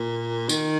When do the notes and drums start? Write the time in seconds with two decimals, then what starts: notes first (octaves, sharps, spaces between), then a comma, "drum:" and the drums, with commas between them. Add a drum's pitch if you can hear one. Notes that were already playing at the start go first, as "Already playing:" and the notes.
Already playing: A#2
0.49 D#3, drum: tambourine